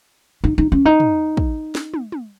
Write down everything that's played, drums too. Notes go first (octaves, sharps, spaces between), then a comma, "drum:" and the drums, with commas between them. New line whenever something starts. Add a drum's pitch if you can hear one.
D#4
D#4
C#4
D#4
drum: tom
drum: kick
drum: snare
drum: tom
drum: tom